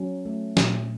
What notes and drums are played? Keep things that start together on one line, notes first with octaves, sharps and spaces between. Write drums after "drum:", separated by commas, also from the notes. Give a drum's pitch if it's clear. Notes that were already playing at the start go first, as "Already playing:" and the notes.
Already playing: F#3 C#4
A3
A#2, drum: snare